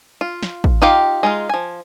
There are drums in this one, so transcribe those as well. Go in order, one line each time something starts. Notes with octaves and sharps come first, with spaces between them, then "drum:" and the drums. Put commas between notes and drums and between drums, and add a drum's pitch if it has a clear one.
F4
drum: snare
drum: kick
D#4 F4 G4 F5 G5
G#3 D#4 F4
F3 G#5